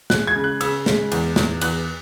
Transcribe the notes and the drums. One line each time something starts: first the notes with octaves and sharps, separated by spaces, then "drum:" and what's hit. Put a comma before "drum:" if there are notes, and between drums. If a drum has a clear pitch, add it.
G#3 F#6, drum: snare
G#6
C#3
F#6
C#3 E6, drum: cymbal
G#3, drum: snare
E2, drum: cymbal
E2, drum: snare
E2 F#6, drum: cymbal